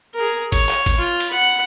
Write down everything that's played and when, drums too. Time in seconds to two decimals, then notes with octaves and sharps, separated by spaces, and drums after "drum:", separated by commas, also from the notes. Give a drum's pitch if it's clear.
0.15 G#4 A#4
0.52 C#5, drum: kick, cymbal
0.69 drum: clap
0.86 drum: kick, cymbal
0.98 F4
1.20 drum: cymbal
1.30 F#5 B5